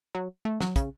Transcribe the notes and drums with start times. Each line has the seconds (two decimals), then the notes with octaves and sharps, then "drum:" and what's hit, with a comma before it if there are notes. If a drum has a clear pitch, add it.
0.15 F#3
0.45 A3
0.60 F#3, drum: snare
0.76 C#3, drum: kick, hi-hat